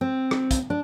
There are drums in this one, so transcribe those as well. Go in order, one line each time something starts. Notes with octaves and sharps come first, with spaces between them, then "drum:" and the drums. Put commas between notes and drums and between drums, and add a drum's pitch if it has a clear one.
C4
drum: rim click
drum: kick, hi-hat
D4